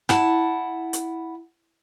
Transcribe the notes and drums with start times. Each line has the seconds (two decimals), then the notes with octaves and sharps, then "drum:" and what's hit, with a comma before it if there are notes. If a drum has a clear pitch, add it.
0.09 E4 F#5 A5, drum: rim click
0.93 drum: hi-hat